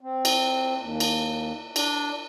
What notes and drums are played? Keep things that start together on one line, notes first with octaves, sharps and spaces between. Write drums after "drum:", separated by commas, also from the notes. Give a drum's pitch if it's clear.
C4
drum: cymbal
D#2
drum: cymbal
D4, drum: cymbal